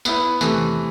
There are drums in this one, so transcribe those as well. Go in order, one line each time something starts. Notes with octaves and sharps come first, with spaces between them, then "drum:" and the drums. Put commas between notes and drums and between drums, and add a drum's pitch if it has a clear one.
B3 E4 B4, drum: tambourine
C3 E3 A3, drum: tambourine